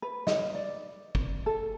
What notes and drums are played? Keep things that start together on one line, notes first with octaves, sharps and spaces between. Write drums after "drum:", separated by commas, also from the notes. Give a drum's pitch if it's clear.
B4
D#5, drum: snare
D5
drum: kick
A4